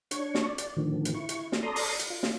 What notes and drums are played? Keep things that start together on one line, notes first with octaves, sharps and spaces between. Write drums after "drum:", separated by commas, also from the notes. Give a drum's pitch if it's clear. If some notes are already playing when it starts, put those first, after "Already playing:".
D4 C#5 C#6, drum: hi-hat
drum: snare
D5
drum: hi-hat
A2 D3 D#3 F3
drum: hi-hat
E4 C#6
drum: hi-hat
drum: snare
A4 D5 A#5 C6 D#6
drum: open hi-hat
drum: hi-hat
F4
drum: snare